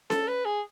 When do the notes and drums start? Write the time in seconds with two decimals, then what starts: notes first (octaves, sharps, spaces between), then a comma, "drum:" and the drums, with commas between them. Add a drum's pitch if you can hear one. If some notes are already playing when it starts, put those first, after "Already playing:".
0.10 A4, drum: snare C#4
0.28 B4
0.45 G#4